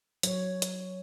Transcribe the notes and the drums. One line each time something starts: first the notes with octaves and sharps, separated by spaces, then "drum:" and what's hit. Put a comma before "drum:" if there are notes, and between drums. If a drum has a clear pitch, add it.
F#3 C#5, drum: hi-hat
drum: hi-hat